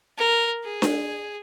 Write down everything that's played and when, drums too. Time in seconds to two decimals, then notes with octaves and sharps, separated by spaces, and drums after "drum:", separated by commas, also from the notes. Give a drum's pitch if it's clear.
0.18 A#4
0.64 G#4
0.82 drum: snare D4